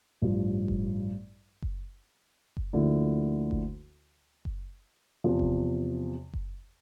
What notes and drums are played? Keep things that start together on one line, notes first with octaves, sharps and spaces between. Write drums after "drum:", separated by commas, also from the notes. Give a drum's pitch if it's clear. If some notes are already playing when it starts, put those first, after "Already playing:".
A1 G2 F3
drum: kick F#1
drum: kick F#1
drum: kick F#1
D2 D3 F3 A#3 E4
drum: kick F#1
drum: kick F#1
E2 C3 F3
drum: kick F#1
drum: kick F#1